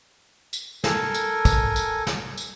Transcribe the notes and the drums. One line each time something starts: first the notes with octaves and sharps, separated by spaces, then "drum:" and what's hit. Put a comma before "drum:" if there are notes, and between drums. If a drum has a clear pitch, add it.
drum: tambourine
A4 A#4 G#5, drum: snare
drum: tambourine
drum: kick, tambourine
drum: tambourine
drum: snare
drum: tambourine